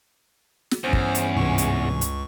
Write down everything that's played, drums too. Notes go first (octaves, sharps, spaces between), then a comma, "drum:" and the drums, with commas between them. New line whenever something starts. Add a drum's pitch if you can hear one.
drum: snare
E2 G2 C#4 G#4 C5
drum: kick
drum: hi-hat
C#2 G#2 C3 E3 C#6
drum: hi-hat
drum: hi-hat